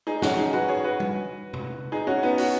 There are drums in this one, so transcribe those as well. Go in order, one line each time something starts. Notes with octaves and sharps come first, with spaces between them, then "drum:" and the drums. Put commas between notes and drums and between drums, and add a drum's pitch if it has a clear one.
D#4 G#4
C#4 F#4, drum: snare
D#4 G#4
F#4 B4
G#4 C#5
F#4 B4
drum: tom G3
drum: tom B2
D#4 G#4
C#4 F#4
B3 D#4
C#4 F#4, drum: open hi-hat